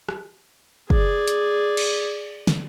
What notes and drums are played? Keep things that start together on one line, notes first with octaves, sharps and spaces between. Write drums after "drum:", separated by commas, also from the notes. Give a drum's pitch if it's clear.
drum: rim click
G#4 D5, drum: kick
drum: hi-hat
drum: cymbal
drum: snare